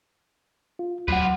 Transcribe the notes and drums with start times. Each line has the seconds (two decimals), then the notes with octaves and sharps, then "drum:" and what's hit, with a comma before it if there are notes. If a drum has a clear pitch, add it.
0.79 F4
1.08 F#3 F4 B4 F#5, drum: kick C#2